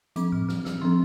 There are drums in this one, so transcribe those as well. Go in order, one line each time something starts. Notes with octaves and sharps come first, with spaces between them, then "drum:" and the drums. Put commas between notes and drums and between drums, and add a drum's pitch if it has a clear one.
F3 C4 D6, drum: hi-hat
F6, drum: tom A2
F6, drum: snare
E6, drum: snare
F3 C4 C6